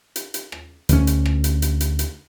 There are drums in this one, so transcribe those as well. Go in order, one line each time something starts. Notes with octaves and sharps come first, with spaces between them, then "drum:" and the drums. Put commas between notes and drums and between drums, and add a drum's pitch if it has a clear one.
drum: hi-hat
drum: hi-hat
drum: rim click
D2 C#4, drum: hi-hat
drum: hi-hat
drum: rim click
drum: hi-hat
drum: hi-hat
drum: hi-hat
drum: hi-hat